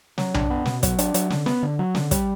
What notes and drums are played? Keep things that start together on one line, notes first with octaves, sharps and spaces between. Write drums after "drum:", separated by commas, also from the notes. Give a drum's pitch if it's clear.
F#3, drum: snare
D4, drum: tom B1
B3
B2, drum: snare
F#3, drum: kick, hi-hat
D4, drum: hi-hat
F#3, drum: hi-hat
D3, drum: snare
B3, drum: snare
D3
F#3
D3, drum: snare
G3, drum: kick, hi-hat